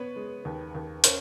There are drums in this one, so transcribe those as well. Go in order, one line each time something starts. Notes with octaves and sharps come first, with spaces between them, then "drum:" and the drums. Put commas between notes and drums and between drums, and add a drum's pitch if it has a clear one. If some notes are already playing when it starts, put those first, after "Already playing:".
Already playing: B3 B4 C#5
G#3
D#2
D#2
C#4 A#4 C5, drum: hi-hat